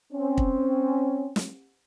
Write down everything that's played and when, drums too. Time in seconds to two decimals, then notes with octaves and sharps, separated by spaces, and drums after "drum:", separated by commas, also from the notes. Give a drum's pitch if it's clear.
0.13 C4 C#4
0.38 drum: kick
1.36 drum: snare